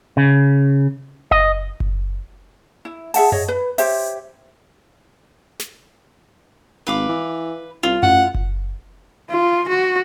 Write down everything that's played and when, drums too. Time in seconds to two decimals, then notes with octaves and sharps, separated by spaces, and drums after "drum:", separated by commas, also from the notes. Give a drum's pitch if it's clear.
0.17 C#3
1.31 D#5, drum: kick F#1
1.80 drum: kick F#1
2.85 E4
3.14 G#4 E5 F#5 A5, drum: open hi-hat
3.32 G#4 C#5 D#5, drum: tom F#2
3.48 B4
3.78 G4 C5 C#5 E5, drum: open hi-hat
5.60 drum: snare
6.87 G#1 B4 F5 D6
7.09 E3
7.83 C2 F4
8.03 A1 F#5, drum: tom F#2
8.35 drum: kick F#1
9.30 F4
9.69 F#4